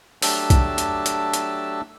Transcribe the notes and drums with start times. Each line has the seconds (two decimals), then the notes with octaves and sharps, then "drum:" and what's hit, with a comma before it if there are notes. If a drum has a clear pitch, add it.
0.22 F#3 A3 D4 G4 A5 E6, drum: open hi-hat
0.50 drum: kick B1, hi-hat
0.78 drum: hi-hat
1.06 drum: hi-hat
1.34 drum: hi-hat